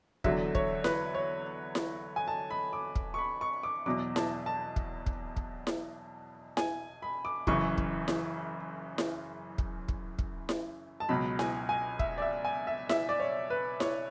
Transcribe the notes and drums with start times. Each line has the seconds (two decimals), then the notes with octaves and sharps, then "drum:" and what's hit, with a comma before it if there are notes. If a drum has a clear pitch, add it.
0.24 E2 D3 F#3 E5, drum: kick
0.55 C#5, drum: kick
0.84 B4, drum: snare E4
1.15 C#5
1.75 drum: snare E4
2.16 G#5
2.28 A5
2.50 B5
2.73 D6
2.96 drum: kick
3.14 C#6
3.18 B5
3.41 C#6
3.63 D6
3.86 E2 B2 F#3 D6
4.16 A5, drum: snare E4
4.46 A5
4.76 drum: kick
5.06 drum: kick
5.37 drum: kick
5.67 drum: snare E4
6.57 G#5, drum: snare E4
7.02 B5
7.25 D6
7.47 F#1 F#2 C#3 E3 C#6, drum: kick
7.78 drum: kick
8.08 drum: snare E4
8.98 drum: snare E4
9.58 drum: kick
9.88 drum: kick
10.19 drum: kick
10.49 drum: snare E4
11.00 A5
11.09 C#2 B2 F#3 B5
11.39 G#5, drum: snare E4
11.69 G#5
11.99 E5, drum: kick
12.18 D5
12.22 E5
12.45 G#5
12.67 E5
12.89 E5, drum: snare E4
13.09 D5
13.20 C#5
13.50 B4
13.80 C#5, drum: snare E4